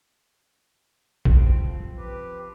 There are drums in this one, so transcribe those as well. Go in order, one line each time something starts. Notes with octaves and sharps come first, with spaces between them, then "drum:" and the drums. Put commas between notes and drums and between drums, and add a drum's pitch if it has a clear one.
F3 C4, drum: kick
G4 B4